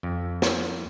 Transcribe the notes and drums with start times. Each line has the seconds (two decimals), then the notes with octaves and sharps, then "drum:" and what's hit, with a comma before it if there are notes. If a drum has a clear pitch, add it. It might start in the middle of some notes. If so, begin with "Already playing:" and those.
0.03 F2
0.42 drum: snare